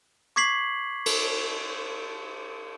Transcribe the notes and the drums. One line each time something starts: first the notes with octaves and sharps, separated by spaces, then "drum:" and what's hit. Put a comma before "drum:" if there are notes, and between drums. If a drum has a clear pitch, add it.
C#6 D6 G#6 B6 C7 F#7
drum: cymbal